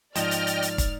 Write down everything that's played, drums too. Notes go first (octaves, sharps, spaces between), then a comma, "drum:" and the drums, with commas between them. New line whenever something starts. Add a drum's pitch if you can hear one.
G#2 F3 D5 D#5 G5 D#6 F6 E7, drum: hi-hat
drum: hi-hat
drum: hi-hat
drum: hi-hat
drum: kick, hi-hat